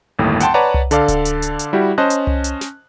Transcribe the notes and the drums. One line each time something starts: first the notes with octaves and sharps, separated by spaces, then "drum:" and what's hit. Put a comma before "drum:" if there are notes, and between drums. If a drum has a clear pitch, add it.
G1 D#2 A2
F#5 G5 A5 C6, drum: hi-hat
B4 C#5 D5 F#5 A5 A#5
drum: tom C2
D3 A4 D5 F5, drum: hi-hat
drum: kick D1, hi-hat
drum: hi-hat
drum: hi-hat
drum: hi-hat
G3 E4 F#4 G4
C#4 C5 D#5 A5 F#6
drum: hi-hat
drum: tom C2
drum: hi-hat
drum: snare